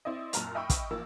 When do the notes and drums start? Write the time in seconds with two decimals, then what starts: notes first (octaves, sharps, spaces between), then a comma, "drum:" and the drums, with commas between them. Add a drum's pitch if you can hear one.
0.05 C4 E4 D5 D#5
0.33 F#2 A#2 A5 A#5 F6 F7, drum: hi-hat
0.55 D#5 E5 G5 B5 C#6 E6
0.70 drum: kick, hi-hat
0.91 A1 F3 A#3 E6